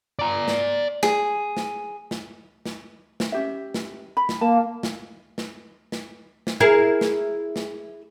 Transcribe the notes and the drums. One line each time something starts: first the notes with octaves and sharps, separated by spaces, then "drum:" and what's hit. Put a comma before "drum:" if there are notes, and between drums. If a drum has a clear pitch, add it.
D5 A#5
drum: snare
G#4, drum: snare
drum: snare
drum: snare
drum: snare
drum: snare
C#4 G4 E5
drum: snare
B5
drum: snare
A#3 A5
drum: snare
drum: snare
drum: snare
drum: snare
E4 G#4 A#4
drum: snare
drum: snare